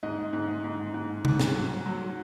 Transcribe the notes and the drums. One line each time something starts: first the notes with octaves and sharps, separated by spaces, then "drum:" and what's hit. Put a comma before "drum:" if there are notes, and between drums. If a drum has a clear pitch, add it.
G#2 D#5
G#2
D#5
G#2
G#2
G#2, drum: tom C3
drum: snare
F#3
F#3